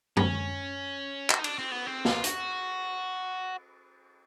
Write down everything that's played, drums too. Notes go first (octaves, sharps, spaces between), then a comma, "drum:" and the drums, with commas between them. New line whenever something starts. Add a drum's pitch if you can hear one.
C#4, drum: tom F#2
F#4, drum: clap
D#4
D4, drum: cymbal
C4
B3
C4
F4, drum: snare
F#4, drum: hi-hat